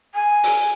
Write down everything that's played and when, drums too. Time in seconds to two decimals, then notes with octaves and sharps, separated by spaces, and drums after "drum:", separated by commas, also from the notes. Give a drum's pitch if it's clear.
0.14 G#5
0.43 drum: open hi-hat